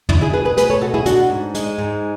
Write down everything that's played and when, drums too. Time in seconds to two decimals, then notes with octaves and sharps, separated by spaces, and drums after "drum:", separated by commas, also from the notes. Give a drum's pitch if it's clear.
0.09 D4 E4, drum: tom
0.22 E4 G#4
0.33 B2 G#4 B4
0.45 G#4 B4
0.57 A3 G#4 B4, drum: hi-hat
0.70 A4 C#5
0.82 B2 F#4 A4
0.94 E4 G#4
1.06 D4 F#4 A4, drum: hi-hat
1.30 G#2
1.54 G#3, drum: hi-hat
1.78 G#2